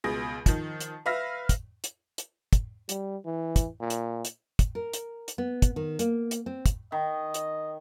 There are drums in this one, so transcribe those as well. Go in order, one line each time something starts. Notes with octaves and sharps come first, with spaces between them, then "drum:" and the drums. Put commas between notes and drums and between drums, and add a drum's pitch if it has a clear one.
C#2 B2 G#4 D#6 A#6
D#3 F3, drum: kick, hi-hat
drum: hi-hat
B4 E5 F5 F6 A#6
drum: kick, hi-hat
drum: hi-hat
drum: hi-hat
drum: kick, hi-hat
G3, drum: hi-hat
E3
drum: kick, hi-hat
A#2
drum: hi-hat
drum: hi-hat
drum: kick, hi-hat
A#4
drum: hi-hat
drum: hi-hat
B3
drum: kick, hi-hat
D#3
A#3, drum: hi-hat
drum: hi-hat
C4
drum: kick, hi-hat
D#3 D#5
drum: hi-hat